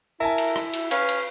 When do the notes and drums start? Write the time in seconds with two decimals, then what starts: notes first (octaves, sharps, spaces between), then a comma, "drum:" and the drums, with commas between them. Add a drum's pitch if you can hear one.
0.20 E4 A#4 E5 G#5 A5
0.38 drum: cymbal
0.56 drum: rim click
0.73 drum: cymbal
0.91 C#4 B4 F5, drum: cymbal
1.09 drum: cymbal